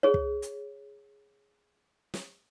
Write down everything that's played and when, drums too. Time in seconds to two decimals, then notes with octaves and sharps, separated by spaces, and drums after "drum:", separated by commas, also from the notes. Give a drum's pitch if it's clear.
0.03 G#4 C#5
0.14 drum: kick
0.42 drum: hi-hat
2.14 drum: snare